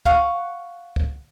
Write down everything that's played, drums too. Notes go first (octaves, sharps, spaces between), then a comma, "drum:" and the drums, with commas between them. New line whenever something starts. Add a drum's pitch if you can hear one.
F5 F#5 C#6, drum: kick
drum: kick